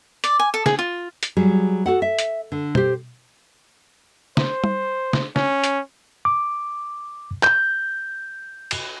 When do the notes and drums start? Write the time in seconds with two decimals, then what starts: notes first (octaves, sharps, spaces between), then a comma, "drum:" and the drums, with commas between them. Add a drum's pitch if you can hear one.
0.24 D5, drum: hi-hat
0.39 G#5
0.54 A4
0.66 G#4, drum: snare
0.79 F4
1.23 drum: hi-hat
1.37 F#3 G3 G#4
1.86 F#4 A4 F#5
2.02 E5
2.19 drum: hi-hat
2.52 D3
2.75 G4 C5, drum: tom B2
4.37 C5, drum: snare
4.64 drum: tom G3
5.13 drum: snare
5.36 C#4, drum: snare
5.64 drum: hi-hat
6.25 D6
7.43 G6, drum: clap
8.71 drum: cymbal